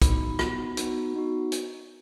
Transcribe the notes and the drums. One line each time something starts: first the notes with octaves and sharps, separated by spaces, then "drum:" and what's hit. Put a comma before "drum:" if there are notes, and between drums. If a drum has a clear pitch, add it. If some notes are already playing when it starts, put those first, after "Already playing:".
B3 D#4 F#4 B5, drum: kick, hi-hat
B3 D#4 F#4, drum: rim click
B3 D#4 F#4, drum: hi-hat
B3 D#4 F#4
drum: hi-hat